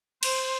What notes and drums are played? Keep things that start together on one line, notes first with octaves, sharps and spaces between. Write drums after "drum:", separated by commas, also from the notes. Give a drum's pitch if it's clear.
C5, drum: cymbal